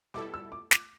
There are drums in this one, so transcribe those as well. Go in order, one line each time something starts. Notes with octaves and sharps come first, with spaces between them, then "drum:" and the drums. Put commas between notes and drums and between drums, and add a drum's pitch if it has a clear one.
B2 G3 E4 A4 D6
E6
D6
D6, drum: snare